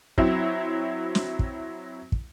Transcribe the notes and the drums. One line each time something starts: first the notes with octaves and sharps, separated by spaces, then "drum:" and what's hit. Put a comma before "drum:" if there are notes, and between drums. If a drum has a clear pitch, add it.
F#3 C4 E4, drum: kick
drum: snare
drum: kick
drum: kick